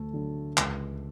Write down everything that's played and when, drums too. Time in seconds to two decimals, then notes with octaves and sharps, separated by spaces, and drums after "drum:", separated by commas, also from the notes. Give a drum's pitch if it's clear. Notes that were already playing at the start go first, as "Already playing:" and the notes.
Already playing: D2 A3 A4
0.13 D3 F#3
0.57 C#2, drum: clap